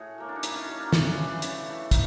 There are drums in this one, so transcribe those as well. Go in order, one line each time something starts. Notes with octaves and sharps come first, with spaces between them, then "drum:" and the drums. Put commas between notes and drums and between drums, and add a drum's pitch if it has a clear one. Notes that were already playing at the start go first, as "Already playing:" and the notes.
Already playing: A2 F#4 G#4 C#5
F#3 A#3
D4
D#4
A2 D4 E4, drum: hi-hat
C#4 D#4
F#3 A#3
D4
C#3 D4, drum: snare
E3 A3
C#3, drum: hi-hat
E3 A3
A2 D#4, drum: kick, hi-hat